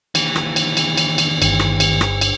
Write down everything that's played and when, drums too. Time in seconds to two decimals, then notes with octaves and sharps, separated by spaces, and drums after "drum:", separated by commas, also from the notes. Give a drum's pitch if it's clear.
0.15 D#2 E3, drum: cymbal
0.36 drum: rim click
0.56 drum: cymbal
0.77 drum: cymbal
0.98 drum: cymbal
1.18 drum: cymbal
1.42 G1, drum: cymbal
1.59 drum: rim click
1.80 drum: cymbal
2.01 drum: rim click
2.21 drum: cymbal